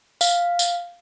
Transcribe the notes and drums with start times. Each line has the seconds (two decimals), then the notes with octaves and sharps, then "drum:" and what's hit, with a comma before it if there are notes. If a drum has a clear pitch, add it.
0.21 F5, drum: tambourine
0.59 drum: tambourine